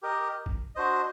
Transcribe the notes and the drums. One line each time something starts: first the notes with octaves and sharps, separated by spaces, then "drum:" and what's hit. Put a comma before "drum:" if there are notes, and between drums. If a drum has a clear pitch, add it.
G4 A#4 D#5
drum: kick
D4 F#4 C5 D#5